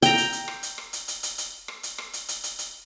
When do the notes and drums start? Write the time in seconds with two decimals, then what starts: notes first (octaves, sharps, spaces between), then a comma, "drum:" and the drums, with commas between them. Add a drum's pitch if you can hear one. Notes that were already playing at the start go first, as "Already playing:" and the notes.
0.02 G5 A#5, drum: hi-hat
0.18 drum: hi-hat
0.33 drum: hi-hat
0.48 drum: rim click
0.63 drum: hi-hat
0.78 drum: rim click
0.93 drum: hi-hat
1.08 drum: hi-hat
1.23 drum: hi-hat
1.38 drum: hi-hat
1.68 drum: rim click
1.83 drum: hi-hat
1.98 drum: rim click
2.13 drum: hi-hat
2.28 drum: hi-hat
2.44 drum: hi-hat
2.59 drum: hi-hat